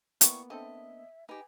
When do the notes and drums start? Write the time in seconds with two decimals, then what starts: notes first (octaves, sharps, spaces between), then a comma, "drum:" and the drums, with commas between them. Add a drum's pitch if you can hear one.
0.21 A#3 B3 E4 D5 G5 C#6, drum: hi-hat
0.50 D3 C4 A4 D#5 E5
1.29 D#4 G4 B4 G#5